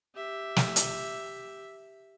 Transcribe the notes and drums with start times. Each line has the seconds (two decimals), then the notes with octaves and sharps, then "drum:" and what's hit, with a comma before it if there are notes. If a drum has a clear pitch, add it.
0.15 G4 E5
0.56 drum: snare
0.76 drum: hi-hat